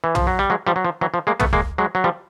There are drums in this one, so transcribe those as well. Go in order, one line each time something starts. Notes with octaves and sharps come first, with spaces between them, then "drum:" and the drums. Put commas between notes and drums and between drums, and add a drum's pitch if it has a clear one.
E3
F3, drum: tom
F#3
G3
F#3 G#3
F3 G3
F#3
F3
E3 F#3
F3
G#3 A#3
A3 B3, drum: tom
G#3 A#3, drum: kick D2
F#3 G#3
F#3
F3 G3